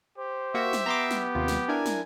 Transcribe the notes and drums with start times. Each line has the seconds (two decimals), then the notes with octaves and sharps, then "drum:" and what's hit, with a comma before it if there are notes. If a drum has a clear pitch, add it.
0.18 G4 C5
0.54 A#3 F#4 E5
0.73 drum: snare
0.86 B3 A#5 C6 D6
1.11 drum: snare
1.35 D#2 C3 F4
1.48 drum: snare
1.69 D4 E4 A#4 G#5
1.86 drum: snare